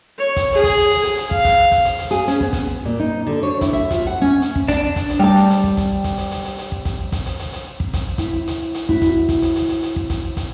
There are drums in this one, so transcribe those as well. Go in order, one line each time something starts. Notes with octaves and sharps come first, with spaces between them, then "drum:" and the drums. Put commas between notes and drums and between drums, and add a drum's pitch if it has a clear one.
C#5
drum: kick, hi-hat
G#4
drum: kick, hi-hat
drum: hi-hat
drum: hi-hat
drum: hi-hat
drum: hi-hat
F5, drum: kick
drum: kick, hi-hat
drum: kick, hi-hat
drum: hi-hat
drum: hi-hat
G#4, drum: hi-hat
C#4, drum: hi-hat
B3, drum: kick
drum: kick, hi-hat
A#2
D#4
D3
C#5
E4, drum: kick, hi-hat
E5
F4, drum: kick, hi-hat
F#5
C#4
drum: hi-hat
drum: kick
D4, drum: kick, hi-hat
drum: kick, hi-hat
drum: hi-hat
G3 A5
drum: hi-hat
drum: hi-hat
drum: kick
drum: kick, hi-hat
drum: kick, hi-hat
drum: hi-hat
drum: hi-hat
drum: hi-hat
drum: hi-hat
drum: kick
drum: kick, hi-hat
drum: kick, hi-hat
drum: hi-hat
drum: hi-hat
drum: hi-hat
drum: kick
drum: kick, hi-hat
E4, drum: kick, hi-hat
drum: hi-hat
drum: hi-hat
E4 F#4, drum: kick
drum: kick, hi-hat
drum: kick, hi-hat
drum: hi-hat
drum: hi-hat
drum: hi-hat
drum: hi-hat
drum: kick
drum: kick, hi-hat
drum: kick, hi-hat